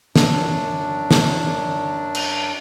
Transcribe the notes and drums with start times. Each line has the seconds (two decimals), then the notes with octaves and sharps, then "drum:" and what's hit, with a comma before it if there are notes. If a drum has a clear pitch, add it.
0.16 F#2 D4, drum: snare
1.11 drum: snare
2.15 drum: cymbal